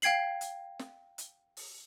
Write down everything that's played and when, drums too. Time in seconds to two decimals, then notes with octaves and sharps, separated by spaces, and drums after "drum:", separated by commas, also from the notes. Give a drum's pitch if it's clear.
0.02 F5 G5 G#6 C7 F#7, drum: hi-hat
0.41 drum: hi-hat
0.79 drum: snare
1.18 drum: hi-hat
1.57 drum: open hi-hat